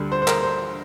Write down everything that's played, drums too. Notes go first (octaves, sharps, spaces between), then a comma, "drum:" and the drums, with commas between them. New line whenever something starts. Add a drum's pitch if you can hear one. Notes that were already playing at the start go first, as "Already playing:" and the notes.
Already playing: D2 D3 G3
C5
C5
A#4, drum: clap
C5